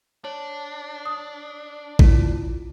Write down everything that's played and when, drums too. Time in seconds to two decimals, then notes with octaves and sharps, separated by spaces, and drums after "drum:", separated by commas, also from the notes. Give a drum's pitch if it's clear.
0.25 D4 C#5
1.06 D#6
1.99 E4 F4, drum: kick A1